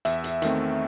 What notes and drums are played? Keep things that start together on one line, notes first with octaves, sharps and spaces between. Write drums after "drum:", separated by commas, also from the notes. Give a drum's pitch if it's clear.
E2 E5, drum: hi-hat
drum: hi-hat
D#3 A3 C4, drum: hi-hat